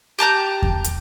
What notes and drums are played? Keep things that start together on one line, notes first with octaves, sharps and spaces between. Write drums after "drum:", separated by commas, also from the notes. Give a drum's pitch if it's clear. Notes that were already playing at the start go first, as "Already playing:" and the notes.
G4 A5 A#5 G6
drum: kick E2
drum: hi-hat